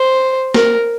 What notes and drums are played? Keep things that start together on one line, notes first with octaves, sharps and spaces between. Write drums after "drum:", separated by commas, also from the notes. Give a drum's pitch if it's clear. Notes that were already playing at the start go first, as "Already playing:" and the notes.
Already playing: C5
A#4, drum: snare A#3